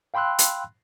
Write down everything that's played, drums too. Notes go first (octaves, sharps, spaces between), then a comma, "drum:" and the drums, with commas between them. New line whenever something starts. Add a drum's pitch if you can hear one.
F5 G5 B5 C6 E6 F#6
drum: hi-hat